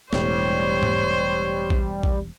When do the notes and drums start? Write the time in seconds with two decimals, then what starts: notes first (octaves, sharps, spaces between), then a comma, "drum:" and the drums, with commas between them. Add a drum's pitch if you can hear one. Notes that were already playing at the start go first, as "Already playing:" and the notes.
0.13 E1 A2 G3 C5 C#5, drum: snare
0.83 drum: tom G#2
1.70 drum: kick A#1
2.03 drum: kick A#1